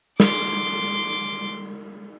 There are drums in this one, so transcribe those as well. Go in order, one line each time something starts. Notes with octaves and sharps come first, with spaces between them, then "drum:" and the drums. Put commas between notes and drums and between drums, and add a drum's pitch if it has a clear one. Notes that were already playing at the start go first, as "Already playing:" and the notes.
C6 D6, drum: snare
drum: tambourine